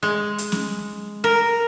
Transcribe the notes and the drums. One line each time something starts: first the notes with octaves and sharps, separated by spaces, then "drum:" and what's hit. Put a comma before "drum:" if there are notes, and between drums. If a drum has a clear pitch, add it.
G#3
drum: hi-hat
drum: snare
A#4